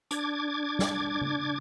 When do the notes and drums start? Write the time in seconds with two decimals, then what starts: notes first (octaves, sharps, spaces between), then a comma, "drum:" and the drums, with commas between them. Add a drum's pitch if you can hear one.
0.11 D4 D6 G#6, drum: hi-hat
0.79 drum: snare
1.21 drum: tom C#3